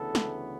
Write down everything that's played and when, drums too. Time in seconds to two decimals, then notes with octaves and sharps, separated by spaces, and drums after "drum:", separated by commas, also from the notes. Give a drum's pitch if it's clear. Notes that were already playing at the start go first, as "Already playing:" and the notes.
Already playing: D2 C#3 E3 B3 A4
0.15 drum: snare